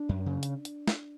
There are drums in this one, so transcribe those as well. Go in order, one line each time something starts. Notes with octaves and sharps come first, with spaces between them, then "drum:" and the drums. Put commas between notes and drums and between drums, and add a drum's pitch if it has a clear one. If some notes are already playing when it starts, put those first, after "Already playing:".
Already playing: D4
F#2
C#3
drum: hi-hat
drum: hi-hat
drum: snare